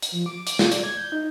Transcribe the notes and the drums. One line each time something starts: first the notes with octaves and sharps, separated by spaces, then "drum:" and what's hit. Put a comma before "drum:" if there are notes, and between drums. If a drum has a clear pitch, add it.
drum: hi-hat
F3
D6
D7, drum: hi-hat
F4, drum: snare
D5, drum: hi-hat
G#6
G6
D#4